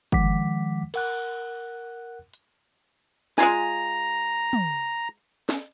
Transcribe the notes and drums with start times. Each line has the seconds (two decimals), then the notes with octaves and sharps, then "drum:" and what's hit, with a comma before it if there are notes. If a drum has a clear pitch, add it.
0.12 D#3 F3 G#3 F#5 D6 B6, drum: kick F#1
0.94 A#4 F#5 F#6, drum: cymbal
2.34 drum: hi-hat
3.38 G#3 F4 G#5 A#5, drum: snare
4.53 drum: tom
5.49 drum: snare